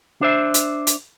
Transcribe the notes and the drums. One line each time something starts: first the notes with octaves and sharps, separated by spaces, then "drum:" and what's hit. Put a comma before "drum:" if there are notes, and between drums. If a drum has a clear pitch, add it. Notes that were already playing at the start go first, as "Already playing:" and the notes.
D4 C5 E5
drum: hi-hat
drum: hi-hat